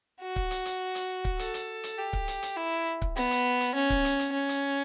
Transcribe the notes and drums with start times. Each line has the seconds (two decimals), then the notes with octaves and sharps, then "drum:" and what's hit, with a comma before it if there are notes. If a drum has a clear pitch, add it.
0.22 F#4
0.36 drum: kick C#1
0.51 drum: hi-hat
0.66 drum: hi-hat
0.95 drum: hi-hat
1.25 drum: kick C#1
1.39 A4, drum: hi-hat
1.54 drum: hi-hat
1.84 drum: hi-hat
1.98 G4
2.13 drum: kick C#1
2.28 drum: hi-hat
2.43 drum: hi-hat
2.57 E4
3.02 drum: kick C#1
3.16 B3, drum: hi-hat
3.31 drum: hi-hat
3.61 drum: hi-hat
3.75 C#4
3.90 drum: kick C#1
4.05 drum: hi-hat
4.20 drum: hi-hat
4.34 C#4
4.49 drum: hi-hat